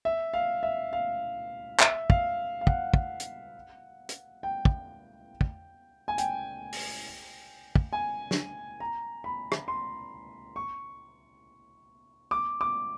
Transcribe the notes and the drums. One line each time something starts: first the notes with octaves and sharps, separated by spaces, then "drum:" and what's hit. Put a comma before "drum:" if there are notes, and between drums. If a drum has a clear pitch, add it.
E5
F5
E5
F5
E5, drum: clap
F5, drum: kick
F5
F#5, drum: kick
drum: kick
drum: hi-hat
drum: hi-hat
G5
drum: kick
drum: kick
G#5
G5, drum: hi-hat
drum: open hi-hat
drum: kick
G#5
drum: snare
A#5
B5
drum: rim click
C6
C#6
D6
D6